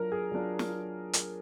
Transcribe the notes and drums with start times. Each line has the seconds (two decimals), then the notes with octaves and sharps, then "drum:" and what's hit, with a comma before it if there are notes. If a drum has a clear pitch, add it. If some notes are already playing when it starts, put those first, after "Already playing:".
Already playing: F#3 D4 F4 A#4
0.12 G#4
0.32 F#3 D4 F4
0.59 drum: snare
1.13 drum: hi-hat